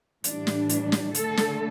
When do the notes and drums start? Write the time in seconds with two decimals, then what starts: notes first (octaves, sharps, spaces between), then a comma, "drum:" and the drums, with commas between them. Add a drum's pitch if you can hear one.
0.24 A2 E3 G3 D4, drum: hi-hat
0.47 drum: snare
0.69 drum: hi-hat
0.92 drum: snare
1.15 D3 A3 A4, drum: hi-hat
1.37 drum: snare